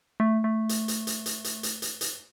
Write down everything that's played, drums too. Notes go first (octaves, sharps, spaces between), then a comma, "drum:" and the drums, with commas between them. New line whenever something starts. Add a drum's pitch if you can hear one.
A3
A3
drum: hi-hat
drum: hi-hat
drum: hi-hat
drum: hi-hat
drum: hi-hat
drum: hi-hat
drum: hi-hat
drum: hi-hat